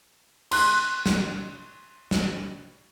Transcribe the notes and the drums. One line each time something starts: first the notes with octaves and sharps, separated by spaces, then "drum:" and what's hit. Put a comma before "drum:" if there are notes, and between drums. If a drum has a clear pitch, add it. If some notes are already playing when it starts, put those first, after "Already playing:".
C6 F#6, drum: cymbal
drum: snare
drum: snare